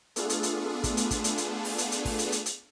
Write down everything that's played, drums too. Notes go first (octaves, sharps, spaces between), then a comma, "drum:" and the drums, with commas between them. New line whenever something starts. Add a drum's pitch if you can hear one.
A3 B3 D4 F4 G#4 A4, drum: hi-hat
drum: hi-hat
drum: hi-hat
drum: kick, hi-hat
drum: hi-hat
drum: kick, hi-hat
drum: hi-hat
drum: hi-hat
drum: open hi-hat
drum: hi-hat
drum: hi-hat
drum: kick, open hi-hat
drum: hi-hat
drum: hi-hat
drum: hi-hat